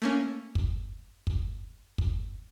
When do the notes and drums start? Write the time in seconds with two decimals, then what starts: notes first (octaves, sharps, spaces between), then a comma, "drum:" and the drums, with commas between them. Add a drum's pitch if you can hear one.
0.02 A3 A#3 C#4
0.55 drum: kick
1.27 drum: kick
1.98 drum: kick